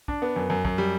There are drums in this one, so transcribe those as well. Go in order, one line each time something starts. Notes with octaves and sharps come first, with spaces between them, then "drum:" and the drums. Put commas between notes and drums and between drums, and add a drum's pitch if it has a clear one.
D4, drum: kick
B3
F#2
F#2
F#2, drum: kick
G3